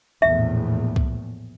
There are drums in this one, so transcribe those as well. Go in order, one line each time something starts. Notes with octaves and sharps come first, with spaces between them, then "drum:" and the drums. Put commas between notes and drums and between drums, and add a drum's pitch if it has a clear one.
A#1 E2 A2 E5
drum: kick C2